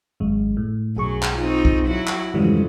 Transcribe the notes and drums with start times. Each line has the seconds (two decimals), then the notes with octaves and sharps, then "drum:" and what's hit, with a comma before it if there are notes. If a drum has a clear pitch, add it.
0.20 G#1 F#2 G#3
0.57 A2
0.97 B1 F#2 F#3 G#4 C#6
1.23 drum: clap
1.35 C4 D#4 F4
1.65 drum: kick B1
1.86 F#3 E4 F#4
2.07 drum: clap
2.34 F2 G#2 C#3 E3 G3